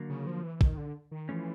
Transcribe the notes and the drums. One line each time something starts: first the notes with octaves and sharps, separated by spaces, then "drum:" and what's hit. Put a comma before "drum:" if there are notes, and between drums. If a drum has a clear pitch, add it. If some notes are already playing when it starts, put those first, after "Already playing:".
Already playing: D3 F#3 A#3
C#3
F3
E3
D#3, drum: kick
D3
D#3
E3 F3 A3 C#4